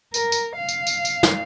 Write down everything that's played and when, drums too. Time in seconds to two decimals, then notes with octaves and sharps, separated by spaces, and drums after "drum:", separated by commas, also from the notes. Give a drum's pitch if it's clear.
0.14 A#4, drum: tambourine
0.32 drum: tambourine
0.57 F5
0.69 drum: tambourine
0.87 drum: tambourine
1.05 drum: tambourine
1.23 drum: snare